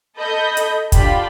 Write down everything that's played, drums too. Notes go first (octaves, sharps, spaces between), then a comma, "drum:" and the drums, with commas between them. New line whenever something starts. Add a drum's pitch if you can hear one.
A4 D#5 B5 G6
drum: hi-hat
D4 F4 G4 B5, drum: kick, hi-hat